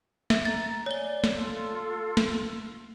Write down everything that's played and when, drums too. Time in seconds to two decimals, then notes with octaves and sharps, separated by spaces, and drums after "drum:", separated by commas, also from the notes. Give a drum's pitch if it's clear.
0.30 E5, drum: snare
0.45 A#5 A6
0.86 C#5 D5 G#5 G7
1.24 drum: snare
1.33 F4 A4
2.17 drum: snare